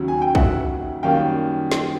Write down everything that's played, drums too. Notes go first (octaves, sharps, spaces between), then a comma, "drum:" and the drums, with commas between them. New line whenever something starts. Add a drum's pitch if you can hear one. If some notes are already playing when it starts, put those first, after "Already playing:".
Already playing: D#2 C#3 F#3
G#5
G5
E5 F#5, drum: kick A#1
F#2 D#3 G3 A#3 F5 G5
drum: snare